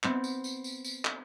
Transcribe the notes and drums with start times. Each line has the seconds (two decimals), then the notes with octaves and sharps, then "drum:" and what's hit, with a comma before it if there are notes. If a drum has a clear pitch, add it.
0.04 B3 C4 C#7, drum: clap
0.24 drum: tambourine
0.44 drum: tambourine
0.64 drum: tambourine
0.84 drum: tambourine
1.05 drum: clap